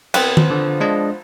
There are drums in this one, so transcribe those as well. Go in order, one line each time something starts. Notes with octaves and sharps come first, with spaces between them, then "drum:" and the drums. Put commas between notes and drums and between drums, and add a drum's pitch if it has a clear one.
C2 B3 C4, drum: cymbal
F3, drum: tom D#3
D3
G#3 D4 D#5